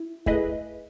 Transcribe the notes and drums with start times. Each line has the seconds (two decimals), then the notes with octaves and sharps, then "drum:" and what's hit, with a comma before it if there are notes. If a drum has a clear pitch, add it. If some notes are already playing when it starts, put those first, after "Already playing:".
Already playing: E4
0.26 A3 E4 G#4 B4 D#5, drum: kick